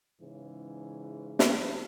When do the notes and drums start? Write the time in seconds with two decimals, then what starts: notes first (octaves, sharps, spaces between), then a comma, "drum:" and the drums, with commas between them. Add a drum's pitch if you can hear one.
0.21 G#2 C#3 E3
1.39 drum: snare